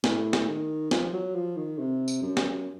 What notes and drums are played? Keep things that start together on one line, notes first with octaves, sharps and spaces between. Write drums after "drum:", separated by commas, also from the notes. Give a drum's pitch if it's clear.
A2, drum: snare
drum: snare
D#3
F3, drum: snare
F#3
F3
D#3
C3
drum: tambourine
F#2
drum: snare